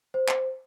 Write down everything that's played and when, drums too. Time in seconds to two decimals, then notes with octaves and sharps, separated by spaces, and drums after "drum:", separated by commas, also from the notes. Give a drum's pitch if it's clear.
0.14 C5
0.28 drum: clap